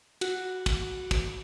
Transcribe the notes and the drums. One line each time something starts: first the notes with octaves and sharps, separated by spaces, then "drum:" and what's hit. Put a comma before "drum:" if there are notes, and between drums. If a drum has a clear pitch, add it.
F#4, drum: cymbal
drum: kick, cymbal
drum: kick, cymbal